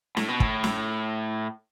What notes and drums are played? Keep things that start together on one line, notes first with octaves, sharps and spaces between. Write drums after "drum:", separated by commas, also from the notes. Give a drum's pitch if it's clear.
A2, drum: snare
B2
A2, drum: kick
drum: snare